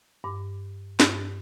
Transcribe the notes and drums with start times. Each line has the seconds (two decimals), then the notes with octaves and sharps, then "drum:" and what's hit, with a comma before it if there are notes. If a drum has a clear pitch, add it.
0.24 G2 D6
1.00 G2 G6, drum: snare